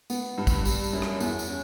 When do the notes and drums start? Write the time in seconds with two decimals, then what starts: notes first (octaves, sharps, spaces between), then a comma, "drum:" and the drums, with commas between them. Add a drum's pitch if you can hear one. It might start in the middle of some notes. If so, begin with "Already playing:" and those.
0.10 B3, drum: tambourine
0.38 G2
0.47 drum: kick, tambourine
0.65 G3, drum: tambourine
0.84 drum: tambourine
0.93 F#2
1.02 drum: rim click
1.20 E2, drum: tambourine
1.39 drum: tambourine
1.48 C#4